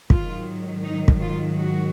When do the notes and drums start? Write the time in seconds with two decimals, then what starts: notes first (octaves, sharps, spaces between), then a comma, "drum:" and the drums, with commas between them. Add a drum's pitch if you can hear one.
0.10 G#2 D#3 F#3 F4, drum: kick
0.84 D#4
1.08 drum: kick
1.21 F4
1.57 F#4